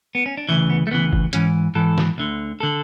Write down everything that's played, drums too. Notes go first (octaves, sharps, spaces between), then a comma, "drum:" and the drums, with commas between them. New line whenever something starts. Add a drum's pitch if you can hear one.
B3
C#4
D4
D2 C#3 E3 E4
B3
A3
D2 C#3 E3 B3
drum: kick G1
G#2 E3 C#4, drum: hi-hat
G#2 E3 A4
drum: snare
D2 D3
D3 A4